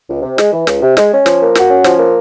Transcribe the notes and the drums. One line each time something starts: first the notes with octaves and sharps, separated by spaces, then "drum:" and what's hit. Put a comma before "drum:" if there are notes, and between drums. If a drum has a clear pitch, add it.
C#2
C3
G#3, drum: snare
E3
C#2, drum: snare
C3
G#3, drum: snare
C#4
F3, drum: snare
A#3
F#4, drum: snare
C#4
F3, drum: snare
A#3